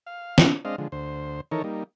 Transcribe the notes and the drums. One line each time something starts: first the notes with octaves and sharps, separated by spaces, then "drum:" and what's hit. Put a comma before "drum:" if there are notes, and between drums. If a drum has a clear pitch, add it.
F5
drum: snare
G#3 C4 D4 D#5 F5
D3 F3 G#3
D2 C5
D#3 E3 D#4 A4 A#4 C#5
G3 A#3 D#4